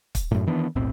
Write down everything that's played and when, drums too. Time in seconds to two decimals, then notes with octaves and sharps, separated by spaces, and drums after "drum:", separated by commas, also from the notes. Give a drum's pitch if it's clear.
0.15 drum: kick, hi-hat
0.31 F#2 A2
0.47 D#3 E3 B3 D4
0.75 E1 B1 A2 C4